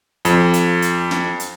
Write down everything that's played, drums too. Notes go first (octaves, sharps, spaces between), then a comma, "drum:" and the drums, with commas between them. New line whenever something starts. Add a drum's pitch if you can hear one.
F2, drum: hi-hat
drum: hi-hat
drum: hi-hat
drum: snare
drum: hi-hat